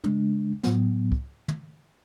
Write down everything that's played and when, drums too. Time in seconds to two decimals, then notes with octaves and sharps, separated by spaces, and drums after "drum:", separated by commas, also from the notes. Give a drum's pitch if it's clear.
0.04 C#3 G#3 D4, drum: tom
0.63 A2 F#3 B3, drum: snare
1.12 drum: kick
1.48 drum: tom